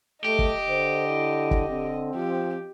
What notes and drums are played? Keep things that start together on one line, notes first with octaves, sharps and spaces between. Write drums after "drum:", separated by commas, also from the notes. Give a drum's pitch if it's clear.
A3 G4 D#5
drum: kick
D3 C5
E4
drum: kick
D3 C4
F3 G4